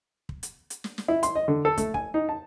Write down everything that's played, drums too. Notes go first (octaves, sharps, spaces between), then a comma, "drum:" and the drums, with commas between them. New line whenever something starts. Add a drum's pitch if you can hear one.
drum: kick
drum: hi-hat
drum: hi-hat
drum: snare
drum: snare
E4
C6, drum: hi-hat
D#5
D3
A4
A3, drum: kick, hi-hat
G#5, drum: kick
D#4
A5